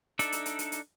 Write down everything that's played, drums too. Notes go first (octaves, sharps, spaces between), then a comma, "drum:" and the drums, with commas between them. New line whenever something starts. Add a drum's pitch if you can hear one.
D4 D#4 A4 D5 E5, drum: hi-hat
drum: hi-hat
drum: hi-hat
drum: hi-hat
drum: hi-hat